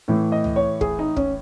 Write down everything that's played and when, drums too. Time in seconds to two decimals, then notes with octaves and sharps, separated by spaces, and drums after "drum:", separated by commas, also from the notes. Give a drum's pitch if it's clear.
0.08 A2 E3 A3
0.32 D#5
0.44 drum: tom C#2
0.56 C#5
0.81 G#4, drum: kick
0.99 D#4
1.17 C#4, drum: kick